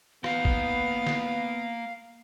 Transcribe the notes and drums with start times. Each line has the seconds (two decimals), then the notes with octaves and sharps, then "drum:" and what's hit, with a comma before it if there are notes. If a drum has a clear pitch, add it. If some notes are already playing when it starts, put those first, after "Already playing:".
0.24 A#3 B3 F5 G5, drum: rim click
0.45 drum: kick
1.07 drum: snare